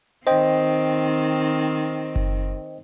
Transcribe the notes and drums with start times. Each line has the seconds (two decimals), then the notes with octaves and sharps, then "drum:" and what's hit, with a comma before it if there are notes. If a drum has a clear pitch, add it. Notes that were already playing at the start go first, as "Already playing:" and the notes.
0.27 D#3 C4 C5 D#5 G5, drum: hi-hat
2.16 drum: kick F#1